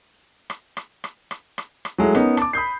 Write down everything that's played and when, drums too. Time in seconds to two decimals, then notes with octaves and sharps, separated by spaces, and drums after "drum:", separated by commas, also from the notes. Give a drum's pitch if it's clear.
0.50 drum: rim click
0.77 drum: rim click
1.04 drum: rim click
1.31 drum: rim click
1.58 drum: rim click
1.85 drum: rim click
1.98 F#3 G#3 A3 E4
2.15 B3 C#4 D#4 A#4, drum: rim click
2.37 A5 D6, drum: rim click
2.53 B5 D#6 G6 C7